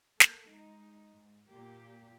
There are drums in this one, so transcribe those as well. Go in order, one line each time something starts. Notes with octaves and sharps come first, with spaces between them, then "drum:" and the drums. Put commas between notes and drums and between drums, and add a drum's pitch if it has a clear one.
A#3 A4, drum: snare
G#3 D#4
G#2
A#2 A#3 G4